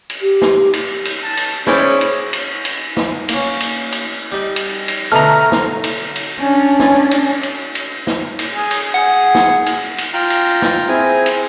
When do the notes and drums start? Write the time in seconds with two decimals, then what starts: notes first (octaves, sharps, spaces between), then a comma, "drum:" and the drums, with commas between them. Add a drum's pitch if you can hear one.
0.10 drum: cymbal
0.22 G4
0.42 drum: snare
0.73 drum: cymbal
1.05 drum: cymbal
1.23 A5
1.37 drum: cymbal
1.67 C#4 E4 G#4 C5 D5, drum: snare
2.01 drum: cymbal
2.33 drum: cymbal
2.65 drum: cymbal
2.97 drum: snare
3.29 A#3 C#4, drum: cymbal
3.60 drum: cymbal
3.92 drum: cymbal
4.32 G3 D#4
4.56 drum: cymbal
4.88 drum: cymbal
5.12 B2 D3 A3 D#5 A#5 F6
5.52 drum: snare
5.84 drum: cymbal
6.16 drum: cymbal
6.39 C#4 D4
6.79 drum: snare
7.11 drum: cymbal
7.43 drum: cymbal
7.75 drum: cymbal
8.07 drum: snare
8.39 drum: cymbal
8.53 G#4
8.71 drum: cymbal
8.94 G#4 F#5
9.35 drum: snare
9.66 drum: cymbal
9.98 drum: cymbal
10.14 F4 G5 A#5
10.30 drum: cymbal
10.62 drum: snare
10.88 C4 E4 G#4 G#5
11.26 drum: cymbal